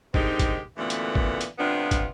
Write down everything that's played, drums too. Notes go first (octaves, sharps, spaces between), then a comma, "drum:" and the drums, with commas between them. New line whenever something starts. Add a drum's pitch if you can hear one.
D3 D#3 G#3 C4 D#4 G4, drum: kick
drum: kick, hi-hat
F#2 A#2 D3 E3 A3 B3
drum: hi-hat
drum: kick
drum: hi-hat
A2 C3 F3 B3 D4 F4
drum: kick, hi-hat